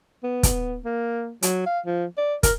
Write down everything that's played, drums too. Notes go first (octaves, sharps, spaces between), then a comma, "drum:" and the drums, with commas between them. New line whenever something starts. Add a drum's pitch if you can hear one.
B3
drum: kick, hi-hat
A#3
F#3, drum: hi-hat
F5
F3
D5
A#4, drum: kick, hi-hat